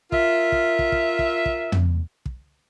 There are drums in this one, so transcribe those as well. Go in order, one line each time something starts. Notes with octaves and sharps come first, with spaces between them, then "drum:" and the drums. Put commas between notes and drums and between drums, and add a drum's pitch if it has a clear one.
F4 A#4 E5, drum: kick
drum: kick
drum: kick
drum: kick
drum: kick
drum: kick
drum: tom
drum: kick